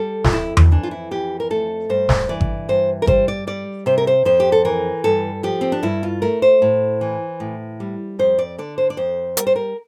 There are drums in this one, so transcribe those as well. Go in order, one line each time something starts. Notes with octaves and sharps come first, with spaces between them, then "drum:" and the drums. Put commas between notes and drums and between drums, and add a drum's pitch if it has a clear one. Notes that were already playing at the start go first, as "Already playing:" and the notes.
Already playing: G3 A4
F4, drum: snare
F2 E4
drum: tom E2
E3 D4
F4
E4
F2 G4
A#4
A3 A4
G2 C5
drum: snare
E3 D5
drum: kick G#1
G2 C5
A#4
G3 C5, drum: kick G#1
D5
G3 D5
C3 C5
A#4
C5
F2 C5
G4
A4
E3 A#4
G2 A4
F3 G4
C4
D4
G2 E4
F4
A3 A#4
C5
A2
E3
A2
G3
F2 C5
D5
D3 D5
C5
D5
F2 C5
G3 A#4, drum: hi-hat
C5
A#4